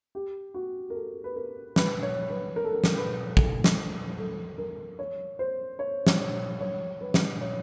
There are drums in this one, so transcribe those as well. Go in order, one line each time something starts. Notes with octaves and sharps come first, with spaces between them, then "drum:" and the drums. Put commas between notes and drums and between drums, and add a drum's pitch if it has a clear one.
G4
F#4
A#4
A4
B4
A#4
B4, drum: snare
C#5
B4
A#4
A4
A#4
drum: snare
B4
A4, drum: kick
drum: snare
A4
A#4
C#5
C5
C#5
drum: snare
C#5
C#5
B4
drum: snare
C#5